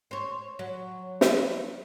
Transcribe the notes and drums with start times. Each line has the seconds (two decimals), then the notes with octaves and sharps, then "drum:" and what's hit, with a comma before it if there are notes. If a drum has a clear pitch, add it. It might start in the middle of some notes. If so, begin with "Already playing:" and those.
0.11 C5 C#5
0.59 F#3
1.21 drum: snare